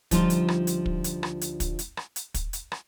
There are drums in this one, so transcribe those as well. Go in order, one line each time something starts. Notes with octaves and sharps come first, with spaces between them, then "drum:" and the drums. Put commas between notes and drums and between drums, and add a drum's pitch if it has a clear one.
D2 F3 G3 D#4 F4, drum: kick, hi-hat
drum: hi-hat
drum: rim click
drum: hi-hat
drum: kick
drum: hi-hat
drum: rim click
drum: hi-hat
drum: kick, hi-hat
drum: hi-hat
drum: rim click
drum: hi-hat
drum: kick, hi-hat
drum: hi-hat
drum: rim click